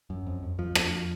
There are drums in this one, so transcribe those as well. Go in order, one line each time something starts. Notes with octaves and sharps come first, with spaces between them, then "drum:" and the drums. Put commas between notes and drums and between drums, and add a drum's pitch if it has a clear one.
F#2
F2
F2
F2 F3
F2, drum: rim click